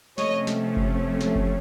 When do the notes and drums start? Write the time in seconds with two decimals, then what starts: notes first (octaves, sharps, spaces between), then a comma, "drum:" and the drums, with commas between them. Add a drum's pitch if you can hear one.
0.18 C3 F3 A3 C#4 C#5 D#5, drum: snare
0.47 drum: snare
0.77 drum: kick F#1
1.21 drum: snare
1.35 drum: kick F#1